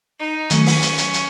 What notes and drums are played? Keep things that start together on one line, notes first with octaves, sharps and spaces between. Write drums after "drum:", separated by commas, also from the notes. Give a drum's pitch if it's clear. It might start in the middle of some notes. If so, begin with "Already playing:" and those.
D#4
D#3 F#3 A3 C#4, drum: hi-hat
drum: open hi-hat
drum: hi-hat
drum: hi-hat
drum: hi-hat